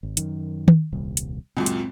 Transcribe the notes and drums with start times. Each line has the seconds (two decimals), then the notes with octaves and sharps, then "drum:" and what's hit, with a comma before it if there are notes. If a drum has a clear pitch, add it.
0.03 G#1
0.17 F#2 D#3, drum: hi-hat
0.68 drum: tom D#3
0.92 D#1 C2
1.17 drum: hi-hat
1.57 C#2 F#2 A#2 C4
1.66 drum: hi-hat